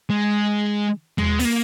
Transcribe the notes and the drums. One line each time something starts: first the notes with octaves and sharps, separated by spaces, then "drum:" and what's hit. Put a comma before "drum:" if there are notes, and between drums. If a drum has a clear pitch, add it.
G#3
G#3, drum: tom D#2
B3, drum: open hi-hat
A#3